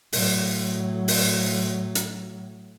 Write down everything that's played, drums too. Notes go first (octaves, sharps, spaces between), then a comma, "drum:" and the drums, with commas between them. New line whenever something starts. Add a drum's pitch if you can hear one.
A2 F#3, drum: open hi-hat
drum: open hi-hat
drum: hi-hat